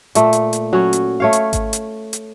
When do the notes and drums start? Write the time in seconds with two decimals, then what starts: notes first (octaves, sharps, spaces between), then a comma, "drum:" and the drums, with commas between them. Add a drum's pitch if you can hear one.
0.15 A#2 A3, drum: hi-hat
0.33 drum: hi-hat
0.53 drum: hi-hat
0.73 F#3 C#4
0.93 drum: hi-hat
1.20 A3 C#5 F5
1.33 drum: hi-hat
1.53 drum: kick G#1, hi-hat
1.73 drum: hi-hat
2.13 drum: hi-hat